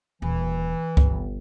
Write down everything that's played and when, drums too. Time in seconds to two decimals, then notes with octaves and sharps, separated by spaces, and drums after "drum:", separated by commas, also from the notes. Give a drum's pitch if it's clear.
0.22 D#1 E3
0.97 G1, drum: kick C#2